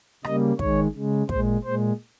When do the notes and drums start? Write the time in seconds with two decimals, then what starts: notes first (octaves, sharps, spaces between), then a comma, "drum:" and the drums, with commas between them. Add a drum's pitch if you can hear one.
0.24 C#3 G3 A#3 D#5, drum: rim click
0.59 D#3 G#3 C#5, drum: kick
0.95 C#3 G#3
1.29 A#2 G#3 C5, drum: kick
1.64 A#2 G#3 C5